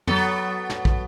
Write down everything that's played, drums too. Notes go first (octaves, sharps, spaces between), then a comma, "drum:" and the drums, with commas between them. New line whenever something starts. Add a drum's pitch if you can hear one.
F#3 B3 A4, drum: tom
drum: snare
drum: kick